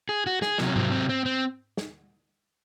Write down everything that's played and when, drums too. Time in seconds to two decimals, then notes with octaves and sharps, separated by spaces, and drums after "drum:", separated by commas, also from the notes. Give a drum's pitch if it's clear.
0.09 G#4
0.26 F#4
0.42 G#4, drum: snare
0.58 C3 F#3, drum: snare
0.68 C#4
0.76 C4, drum: tom G#2
0.92 C4
1.09 C4
1.26 C4
1.77 drum: snare